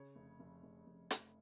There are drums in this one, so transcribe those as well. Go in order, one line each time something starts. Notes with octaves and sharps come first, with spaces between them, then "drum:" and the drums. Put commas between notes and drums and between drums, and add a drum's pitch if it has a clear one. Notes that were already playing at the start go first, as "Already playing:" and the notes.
Already playing: C#3 C#5
F1
F1
F1
F1
F1, drum: hi-hat